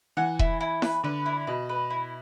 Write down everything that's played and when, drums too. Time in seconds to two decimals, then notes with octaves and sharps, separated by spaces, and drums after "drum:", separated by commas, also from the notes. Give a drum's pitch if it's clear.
0.17 E3 F#5
0.39 E4, drum: kick E1
0.60 E4
0.82 B4, drum: snare E4
1.04 D3 B4
1.26 E4
1.47 B2 B4
1.69 B4
1.90 E4